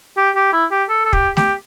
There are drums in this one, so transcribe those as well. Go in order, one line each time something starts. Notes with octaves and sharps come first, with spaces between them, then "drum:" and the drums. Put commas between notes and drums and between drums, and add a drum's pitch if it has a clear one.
G4
G4
E4
G4
A4
A4
G4, drum: kick
G4, drum: snare A3